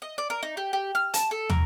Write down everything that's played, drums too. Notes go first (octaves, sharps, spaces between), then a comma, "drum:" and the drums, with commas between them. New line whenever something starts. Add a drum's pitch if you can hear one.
D#5
D5
A#4
D#4
G4
G4
F6
A5, drum: hi-hat
A4
A#4, drum: tom